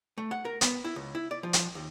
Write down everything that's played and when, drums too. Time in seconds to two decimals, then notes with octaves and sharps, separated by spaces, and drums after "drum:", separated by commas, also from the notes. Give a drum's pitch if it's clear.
0.18 A3
0.31 F#5
0.45 A#4
0.61 B3, drum: hi-hat
0.84 E4
0.96 C#2
1.15 E4
1.31 D5
1.43 F3
1.53 drum: hi-hat
1.75 D#2